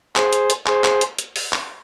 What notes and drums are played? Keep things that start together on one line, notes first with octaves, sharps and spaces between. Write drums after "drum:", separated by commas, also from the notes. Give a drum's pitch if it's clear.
G#4 C5, drum: clap
drum: hi-hat
drum: hi-hat
G#4 C5, drum: clap
drum: clap
drum: hi-hat
drum: hi-hat
drum: open hi-hat
drum: clap